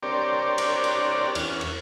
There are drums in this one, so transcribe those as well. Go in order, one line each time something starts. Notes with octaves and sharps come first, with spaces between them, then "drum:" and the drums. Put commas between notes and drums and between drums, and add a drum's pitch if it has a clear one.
C4 D4 G4 A#4 C#5 D5
drum: cymbal
drum: cymbal
E2 C#4 F6, drum: cymbal
drum: cymbal